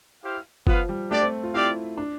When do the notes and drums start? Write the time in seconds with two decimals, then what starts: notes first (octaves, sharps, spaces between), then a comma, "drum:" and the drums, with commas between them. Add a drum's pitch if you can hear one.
0.24 E4 G4 C5 F5
0.67 F3 B3 F4 B4 F5, drum: kick
0.89 G3
1.11 A3 D4 G4 D5
1.21 C4
1.43 F4
1.54 C4 E4 G4 D5 F5
1.97 D4